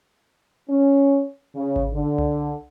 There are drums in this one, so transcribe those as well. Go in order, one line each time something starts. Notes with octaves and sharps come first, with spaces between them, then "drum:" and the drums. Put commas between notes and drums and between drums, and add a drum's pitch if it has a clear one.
C#4
C#3
drum: kick G#1
D3
drum: tom C2